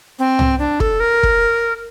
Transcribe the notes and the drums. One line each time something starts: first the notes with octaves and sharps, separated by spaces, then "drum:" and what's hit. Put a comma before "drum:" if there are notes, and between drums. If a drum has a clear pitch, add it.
C4
drum: tom C2
D4
A4, drum: kick
A#4
drum: kick